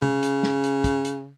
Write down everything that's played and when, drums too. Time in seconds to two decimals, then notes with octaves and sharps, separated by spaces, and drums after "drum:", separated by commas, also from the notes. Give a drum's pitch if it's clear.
0.02 C#3, drum: tom C3
0.23 drum: hi-hat
0.43 drum: snare
0.64 drum: hi-hat
0.84 drum: kick, hi-hat
1.05 drum: hi-hat